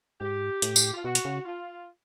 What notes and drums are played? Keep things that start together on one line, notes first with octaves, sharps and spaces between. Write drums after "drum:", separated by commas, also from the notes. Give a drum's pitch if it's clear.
G#2 G4
A2, drum: hi-hat
drum: tambourine
F4
B2 F#4
drum: hi-hat
C#3
F4